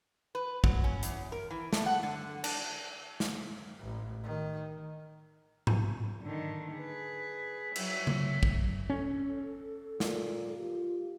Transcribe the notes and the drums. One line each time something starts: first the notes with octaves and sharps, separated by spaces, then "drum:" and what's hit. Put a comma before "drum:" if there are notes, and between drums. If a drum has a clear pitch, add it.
B4
F#3, drum: kick
C#4
E2, drum: hi-hat
A#4
E3
A3, drum: snare
F#5
D3
D4, drum: cymbal
drum: snare
A1
D#3
drum: tom G#2
D3 D#3
G#4 B4
F#3 E5, drum: cymbal
drum: tom C#3
drum: kick
C#4 A4
A#2, drum: snare
F4 G4